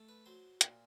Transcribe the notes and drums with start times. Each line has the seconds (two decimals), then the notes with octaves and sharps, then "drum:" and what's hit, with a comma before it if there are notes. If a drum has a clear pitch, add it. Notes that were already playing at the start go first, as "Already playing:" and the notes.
Already playing: A3
0.09 B4
0.26 F#3 C5
0.61 A#2, drum: hi-hat